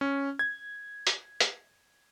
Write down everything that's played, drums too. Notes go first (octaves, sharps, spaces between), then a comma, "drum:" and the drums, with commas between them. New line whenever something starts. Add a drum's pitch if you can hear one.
C#4
G#6
drum: hi-hat
drum: hi-hat